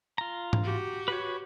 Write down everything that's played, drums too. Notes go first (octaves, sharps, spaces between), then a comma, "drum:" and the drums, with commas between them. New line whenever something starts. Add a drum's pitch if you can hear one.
F4 A#5
drum: tom G#2
F#4 G4
B4 C#5